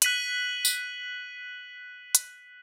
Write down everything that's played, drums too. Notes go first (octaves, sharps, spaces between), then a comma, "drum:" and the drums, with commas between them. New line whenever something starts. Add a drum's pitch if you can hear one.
F#6 B6 D#7 F#7, drum: hi-hat
drum: tambourine
drum: hi-hat